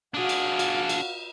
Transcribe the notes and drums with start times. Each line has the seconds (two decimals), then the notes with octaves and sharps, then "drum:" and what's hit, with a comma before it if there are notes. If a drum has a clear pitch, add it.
0.14 D4 F#4 G#4 F5
0.29 drum: cymbal
0.59 drum: cymbal
0.89 drum: cymbal